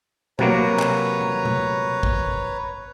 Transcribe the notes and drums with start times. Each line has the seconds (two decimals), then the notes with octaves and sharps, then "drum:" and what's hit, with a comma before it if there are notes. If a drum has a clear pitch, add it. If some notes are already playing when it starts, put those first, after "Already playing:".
0.39 C3 F#3 A#3 B4 C#5 A#5, drum: tom B2
0.79 drum: clap
1.21 drum: tom F#3
1.45 drum: tom B2
2.03 drum: kick